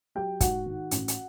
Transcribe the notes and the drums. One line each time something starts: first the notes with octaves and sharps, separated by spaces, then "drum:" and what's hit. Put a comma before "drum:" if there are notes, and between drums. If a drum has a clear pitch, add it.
F#3 G4 G5
G#2 F#4 F#5, drum: kick, hi-hat
D#3
A1, drum: hi-hat
drum: hi-hat